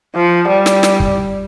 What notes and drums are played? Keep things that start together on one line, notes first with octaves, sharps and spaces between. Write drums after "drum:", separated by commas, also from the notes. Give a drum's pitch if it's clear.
F3
G3
drum: snare
drum: snare
drum: kick